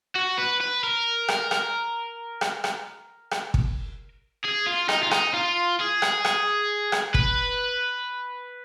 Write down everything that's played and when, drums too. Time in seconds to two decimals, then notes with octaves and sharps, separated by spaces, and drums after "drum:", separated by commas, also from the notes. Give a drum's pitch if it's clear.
0.15 F#4
0.38 B4
0.61 B4
0.84 A#4
1.28 drum: rim click
1.51 drum: rim click
2.41 drum: rim click
2.64 drum: rim click
3.31 drum: rim click
3.54 drum: kick
4.44 G#4
4.67 F4
4.89 D#4, drum: rim click
5.03 F4
5.11 D#4, drum: rim click
5.34 F4
5.80 G#4
6.02 drum: rim click
6.25 drum: rim click
6.92 drum: rim click
7.14 B4, drum: kick